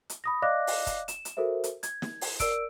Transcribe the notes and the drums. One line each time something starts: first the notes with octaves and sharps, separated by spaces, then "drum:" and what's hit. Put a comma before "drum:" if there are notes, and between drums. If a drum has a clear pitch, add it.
drum: hi-hat
B5 D#6 A#6
D5 D#5 F5 D6 F#6 A#6
drum: open hi-hat
drum: kick, hi-hat
E7, drum: hi-hat
drum: hi-hat
F#4 A4 A#4 C5 E5
drum: hi-hat
G#6, drum: hi-hat
drum: snare
drum: open hi-hat
A#4 D5 E6 D7, drum: kick, hi-hat